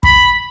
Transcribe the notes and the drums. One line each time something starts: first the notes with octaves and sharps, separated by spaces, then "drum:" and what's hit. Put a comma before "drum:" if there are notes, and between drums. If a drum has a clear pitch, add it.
B5, drum: kick